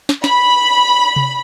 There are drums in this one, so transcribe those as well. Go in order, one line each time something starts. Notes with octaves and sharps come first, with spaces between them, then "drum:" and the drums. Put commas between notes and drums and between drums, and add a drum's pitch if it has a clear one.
drum: snare
B5, drum: snare
drum: tom C3